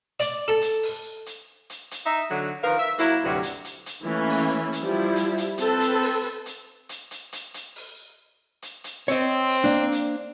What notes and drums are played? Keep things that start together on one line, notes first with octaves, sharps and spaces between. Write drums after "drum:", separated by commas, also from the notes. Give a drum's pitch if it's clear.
D5, drum: hi-hat
A4
drum: hi-hat
drum: open hi-hat
drum: hi-hat
drum: hi-hat
drum: hi-hat
D#4 E5
D3 F#3
D#3 F3 A#4 B4 F5
E5
F#3 A#3 E4, drum: hi-hat
D2 G2 C3 F#3
drum: hi-hat
drum: hi-hat
drum: hi-hat
E3 A3 A#3 C#4
drum: open hi-hat
drum: hi-hat
F3 G3 E4
drum: hi-hat
drum: hi-hat
C4 A4 B4, drum: hi-hat
drum: hi-hat
drum: open hi-hat
drum: hi-hat
drum: hi-hat
drum: hi-hat
drum: hi-hat
drum: hi-hat
drum: open hi-hat
drum: hi-hat
drum: hi-hat
C4 C#5 D#5, drum: hi-hat
drum: open hi-hat
A#3 D4
drum: hi-hat